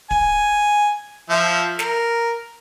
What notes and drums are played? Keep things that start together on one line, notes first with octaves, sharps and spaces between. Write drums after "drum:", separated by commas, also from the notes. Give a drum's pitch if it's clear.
G#5, drum: kick
F3 E5
A#4, drum: snare